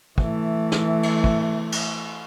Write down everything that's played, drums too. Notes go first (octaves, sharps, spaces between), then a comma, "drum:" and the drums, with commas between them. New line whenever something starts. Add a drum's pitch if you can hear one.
E3 A3, drum: kick
drum: snare
drum: cymbal
drum: kick
drum: cymbal